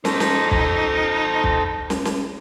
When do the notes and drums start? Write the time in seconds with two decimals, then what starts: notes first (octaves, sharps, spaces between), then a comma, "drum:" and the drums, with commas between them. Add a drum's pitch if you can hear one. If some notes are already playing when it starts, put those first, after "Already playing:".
0.05 D#4 A4 C5, drum: snare
0.20 drum: snare
0.51 drum: kick
1.44 drum: kick
1.90 drum: snare
2.05 drum: snare